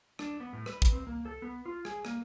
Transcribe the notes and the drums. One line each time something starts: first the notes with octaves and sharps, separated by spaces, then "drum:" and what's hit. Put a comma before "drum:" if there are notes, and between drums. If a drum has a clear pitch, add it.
D4, drum: rim click
B3
A2
B4, drum: rim click
drum: kick
C4
A#3
A4
B3
F4
G#4, drum: rim click
A#3, drum: rim click